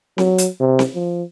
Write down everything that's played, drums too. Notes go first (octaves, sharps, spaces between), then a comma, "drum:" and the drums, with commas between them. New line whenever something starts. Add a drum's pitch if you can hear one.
F#3, drum: snare C4
drum: hi-hat
C3
drum: snare C4
F3